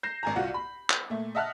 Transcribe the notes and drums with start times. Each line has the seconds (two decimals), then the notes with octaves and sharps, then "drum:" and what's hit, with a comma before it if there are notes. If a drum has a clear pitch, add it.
0.03 G6 A#6 C7 E7
0.23 G#1 G#5 A#5
0.36 C2 F4 F#4 F#5
0.54 B5
0.90 drum: clap
1.10 A#2 A3
1.35 D#5 E5 F#5 A5 F6 F#6